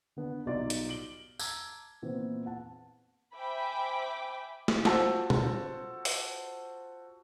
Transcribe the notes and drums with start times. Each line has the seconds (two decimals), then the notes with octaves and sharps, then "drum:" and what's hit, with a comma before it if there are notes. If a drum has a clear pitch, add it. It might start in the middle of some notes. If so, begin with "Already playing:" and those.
0.16 D3 B3 D4
0.46 B1 G3 D#4 F4 D5 C6
0.70 drum: hi-hat
0.89 D7 F#7 G7
1.39 A5 A#5 D6 E6 G#6, drum: tambourine
2.02 A#2 E3 B3 C4
2.46 F#5 A5
3.35 C5 E5 G5 G#5 B5 D6
4.68 drum: snare
4.85 F4 F#4 A4 C5, drum: snare
5.30 drum: tom
6.05 drum: open hi-hat